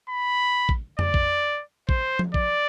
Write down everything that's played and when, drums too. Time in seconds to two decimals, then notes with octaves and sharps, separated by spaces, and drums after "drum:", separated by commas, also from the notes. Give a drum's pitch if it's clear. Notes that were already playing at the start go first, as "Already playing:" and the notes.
0.09 B5
0.69 drum: kick A1
0.99 D5, drum: tom F2
1.14 drum: kick A1
1.89 C5, drum: kick A1
2.19 drum: tom F3
2.34 D5, drum: kick A1